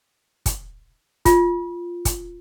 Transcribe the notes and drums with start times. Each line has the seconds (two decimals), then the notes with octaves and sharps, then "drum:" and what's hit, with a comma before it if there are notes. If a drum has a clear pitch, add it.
0.46 drum: kick, hi-hat
1.25 F4, drum: kick, hi-hat
2.05 drum: kick, hi-hat